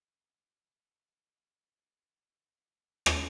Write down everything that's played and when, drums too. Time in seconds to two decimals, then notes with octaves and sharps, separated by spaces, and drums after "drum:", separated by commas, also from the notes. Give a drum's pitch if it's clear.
0.22 G#3
0.55 A#2
0.89 G#3
1.28 C#4
1.62 A#2
1.95 G3
2.56 F#4
3.06 drum: rim click